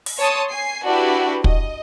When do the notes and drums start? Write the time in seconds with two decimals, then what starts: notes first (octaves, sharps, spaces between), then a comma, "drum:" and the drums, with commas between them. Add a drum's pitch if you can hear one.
0.06 drum: open hi-hat
0.19 C#5 A5 C6 D#6
0.51 G#5 C7
0.86 D4 E4 F#4 G4 B4
1.44 D#5, drum: kick